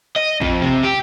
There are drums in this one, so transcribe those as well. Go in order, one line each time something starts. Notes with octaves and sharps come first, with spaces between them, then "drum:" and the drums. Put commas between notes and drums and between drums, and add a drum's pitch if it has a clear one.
D#5
F2, drum: kick A1
C3
G4